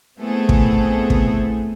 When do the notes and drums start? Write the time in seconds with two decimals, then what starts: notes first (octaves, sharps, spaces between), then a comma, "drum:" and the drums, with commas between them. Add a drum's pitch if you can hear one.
0.18 A3 B3 C4 E4 G#4 A4
0.49 drum: kick
1.10 drum: kick